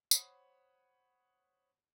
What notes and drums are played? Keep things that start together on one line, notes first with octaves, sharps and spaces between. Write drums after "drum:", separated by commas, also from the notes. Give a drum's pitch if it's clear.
C5 C#5 F#5 B5 D#6, drum: tambourine